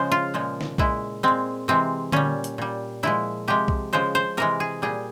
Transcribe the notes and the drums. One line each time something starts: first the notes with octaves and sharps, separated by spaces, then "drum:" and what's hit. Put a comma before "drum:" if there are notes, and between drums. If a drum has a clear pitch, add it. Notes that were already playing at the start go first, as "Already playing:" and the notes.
Already playing: C#3 F3 G#3 C5
F4
A#2 F3 G#3
drum: snare
A#2 G#3 E4, drum: kick B1
A#2 G#3 C4
C3 E3 G#3 C4
A#2 G3 C#4, drum: tom D3
drum: hi-hat
A#2 G3
A#2 F3 G#3 E4
C3 F3 G#3 G4
drum: kick B1
C#3 F3 G#3 C5
C5
C3 E3 G#3 A#4
G#4
A#2 G3 G#4